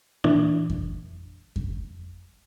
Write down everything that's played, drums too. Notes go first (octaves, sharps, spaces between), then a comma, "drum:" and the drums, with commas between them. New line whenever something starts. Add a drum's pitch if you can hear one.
A#2 E3 D4
drum: kick F2
drum: kick F2